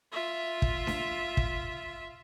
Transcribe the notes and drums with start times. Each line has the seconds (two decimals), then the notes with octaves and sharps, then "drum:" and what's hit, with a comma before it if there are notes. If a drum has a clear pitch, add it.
0.12 F4 E5
0.62 drum: kick
0.87 drum: snare D4
1.37 drum: kick